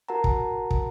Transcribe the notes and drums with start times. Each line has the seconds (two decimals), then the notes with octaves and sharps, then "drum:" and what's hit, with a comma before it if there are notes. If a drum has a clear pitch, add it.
0.09 F#4 A#4 F#5 A5 A#5
0.24 drum: kick
0.71 drum: kick